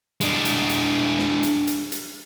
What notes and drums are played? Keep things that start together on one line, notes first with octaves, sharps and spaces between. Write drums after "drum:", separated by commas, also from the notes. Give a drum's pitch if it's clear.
G#3 D4, drum: hi-hat
drum: hi-hat
drum: hi-hat
drum: snare
drum: hi-hat
drum: hi-hat
drum: hi-hat